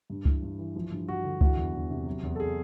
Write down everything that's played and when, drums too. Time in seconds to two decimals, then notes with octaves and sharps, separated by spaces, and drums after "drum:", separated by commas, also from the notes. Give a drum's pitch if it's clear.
0.10 G2
0.25 E3, drum: kick C#2
0.42 G2
0.59 E3
0.76 F3
0.91 G2
1.08 G2 F#4
1.24 D3
1.41 E3 F#4, drum: kick C#2
1.57 E2
1.74 E2
1.90 C3
2.06 F#3
2.23 E2
2.35 A4
2.40 G#4